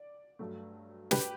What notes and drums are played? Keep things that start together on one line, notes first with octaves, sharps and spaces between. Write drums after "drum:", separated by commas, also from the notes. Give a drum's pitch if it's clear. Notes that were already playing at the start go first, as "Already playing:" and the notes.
Already playing: D5
G2 F#3 A3
G4 B4, drum: snare